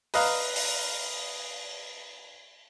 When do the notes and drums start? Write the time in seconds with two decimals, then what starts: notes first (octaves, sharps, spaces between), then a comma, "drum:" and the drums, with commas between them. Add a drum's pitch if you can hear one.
0.14 B4 D#5 F5 A#5, drum: open hi-hat
0.56 drum: open hi-hat